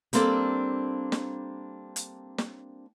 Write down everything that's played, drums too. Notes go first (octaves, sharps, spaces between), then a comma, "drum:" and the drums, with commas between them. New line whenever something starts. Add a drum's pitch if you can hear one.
G3 A#3 C4 D4 A4, drum: hi-hat
drum: snare
drum: hi-hat
drum: snare